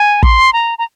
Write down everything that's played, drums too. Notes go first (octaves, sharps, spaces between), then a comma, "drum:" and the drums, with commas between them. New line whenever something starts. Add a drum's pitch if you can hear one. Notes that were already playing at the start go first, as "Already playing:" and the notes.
Already playing: G#5
C6, drum: kick
A#5
A#5